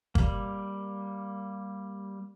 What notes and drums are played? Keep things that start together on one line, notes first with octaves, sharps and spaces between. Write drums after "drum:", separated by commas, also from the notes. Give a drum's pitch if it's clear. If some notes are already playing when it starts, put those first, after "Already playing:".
G3 A#3, drum: kick